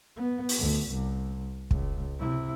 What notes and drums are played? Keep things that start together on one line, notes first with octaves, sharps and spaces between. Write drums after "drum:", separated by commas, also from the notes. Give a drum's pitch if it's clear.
B3
drum: open hi-hat
D2
C2
C#2, drum: kick
C3 E4